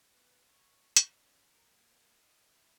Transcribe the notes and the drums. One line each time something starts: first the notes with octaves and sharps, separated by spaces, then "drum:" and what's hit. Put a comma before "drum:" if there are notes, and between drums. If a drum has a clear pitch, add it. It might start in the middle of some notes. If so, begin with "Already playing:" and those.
B3
C#5
A#4, drum: hi-hat
C#4
A#4
A#3
D#5
E4